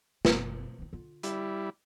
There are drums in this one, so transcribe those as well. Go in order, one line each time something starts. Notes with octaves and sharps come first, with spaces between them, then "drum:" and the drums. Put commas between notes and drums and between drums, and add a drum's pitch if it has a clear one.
F#1 B2, drum: snare
D#3 D#4
D3 F4
G3 E4, drum: hi-hat